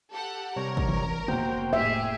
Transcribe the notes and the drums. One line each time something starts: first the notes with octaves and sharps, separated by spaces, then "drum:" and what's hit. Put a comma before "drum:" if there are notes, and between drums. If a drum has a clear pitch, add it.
G4 A4 F#5
C3 G3 A#4 C#5
drum: kick
E3
F1 A#3 B3 F#4 C5 G5, drum: tom A#2
A2 G4 G#4 E5